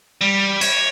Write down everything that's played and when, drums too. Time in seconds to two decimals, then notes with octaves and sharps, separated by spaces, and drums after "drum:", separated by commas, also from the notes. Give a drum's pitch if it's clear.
0.21 G3
0.61 C#5, drum: cymbal